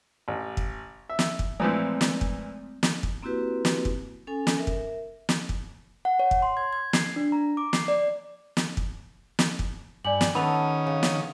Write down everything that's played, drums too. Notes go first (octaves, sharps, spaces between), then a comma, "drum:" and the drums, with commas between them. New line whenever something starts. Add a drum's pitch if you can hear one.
A1
drum: kick
E5
drum: snare
drum: kick
A#2 E3 F3 G#3 A3 C4
drum: snare
drum: kick
drum: snare
drum: kick
A#3 C4 E4 F#4 G4 B4
drum: snare
drum: kick
C#4 A4 G#5
drum: snare
A#4 E5
drum: kick
drum: snare
drum: kick
F#5
C#5
drum: kick
C6
G#6
G#6
C7, drum: snare
D4
A#5
D6
C7, drum: snare
D5
drum: snare
drum: kick
drum: snare
drum: kick
G2 G4 D5 G#5 F#7
drum: snare
D#3 B3 C#4 A4 B4 B5 D#6 F7
C#3
drum: snare